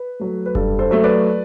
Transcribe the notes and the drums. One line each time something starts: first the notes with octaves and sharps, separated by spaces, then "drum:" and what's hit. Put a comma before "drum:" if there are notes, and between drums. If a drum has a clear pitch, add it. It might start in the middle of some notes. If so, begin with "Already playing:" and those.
Already playing: B4
F#3 A3
B4
G2 A4, drum: kick F1
A4 C5
F#3 A3 E5
B4 D5